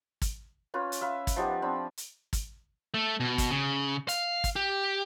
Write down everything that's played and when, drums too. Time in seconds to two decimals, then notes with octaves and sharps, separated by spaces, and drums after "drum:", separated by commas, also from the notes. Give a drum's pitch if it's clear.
0.22 drum: kick, hi-hat
0.74 C#4 F4 B4
0.92 drum: hi-hat
1.01 E5 F5 B5
1.27 drum: kick, hi-hat
1.36 F3 B3 D#4 G4
1.62 C4 D4 B5
1.97 drum: hi-hat
2.33 drum: kick, hi-hat
2.94 A3
3.20 B2
3.38 drum: kick, hi-hat
3.51 C#3
4.08 F5, drum: hi-hat
4.44 drum: kick, hi-hat
4.56 G4